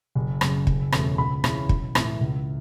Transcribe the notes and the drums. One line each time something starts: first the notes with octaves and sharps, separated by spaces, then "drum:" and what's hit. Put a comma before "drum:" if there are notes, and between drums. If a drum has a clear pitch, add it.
F#1
F#2 C#3, drum: rim click
F#1, drum: kick
E2 B2 A3 C#4, drum: rim click
C#2 B5
C#3 E3 C#4, drum: rim click
B1, drum: kick
A2 E3, drum: rim click
C#2